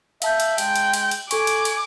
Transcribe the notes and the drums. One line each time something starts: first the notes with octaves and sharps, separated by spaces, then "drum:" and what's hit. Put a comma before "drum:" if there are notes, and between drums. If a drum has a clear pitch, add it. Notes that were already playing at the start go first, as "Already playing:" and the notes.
E5 F5 A5 G6, drum: cymbal
drum: cymbal
G#3 G5, drum: cymbal
drum: cymbal
drum: cymbal
drum: cymbal
A4 G#5 C#6 D6, drum: cymbal
drum: cymbal
drum: cymbal